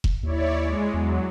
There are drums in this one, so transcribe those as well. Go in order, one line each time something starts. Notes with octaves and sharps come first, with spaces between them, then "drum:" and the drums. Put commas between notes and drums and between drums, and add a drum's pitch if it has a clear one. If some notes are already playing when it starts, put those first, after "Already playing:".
drum: kick F1
D#2 E4 C#5 D5
G#3
E2 F#3